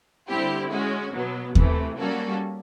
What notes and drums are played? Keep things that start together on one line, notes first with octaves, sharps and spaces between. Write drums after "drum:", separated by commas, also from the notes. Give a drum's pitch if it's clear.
D3 G3 C4 E4 G4
G#3 C#4 F#4
B2 F#3 B3
C3 E3 A3, drum: kick D#2
G3 A#3 C#4 F#4 A4